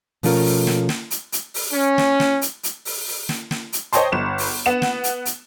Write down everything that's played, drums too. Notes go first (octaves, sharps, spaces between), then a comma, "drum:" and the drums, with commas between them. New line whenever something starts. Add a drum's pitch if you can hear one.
B2 F3 A3 C#4 F4 A#4, drum: open hi-hat
drum: open hi-hat
drum: snare
drum: snare
drum: hi-hat
drum: hi-hat
drum: open hi-hat
C#4
drum: snare
drum: snare
drum: hi-hat
drum: hi-hat
drum: open hi-hat
drum: open hi-hat
drum: snare
drum: snare
drum: hi-hat
C5 C#5 D#5 G5 A5 C6, drum: hi-hat
G1 E7
drum: open hi-hat
B3 F#5 E7
drum: snare
drum: hi-hat
drum: hi-hat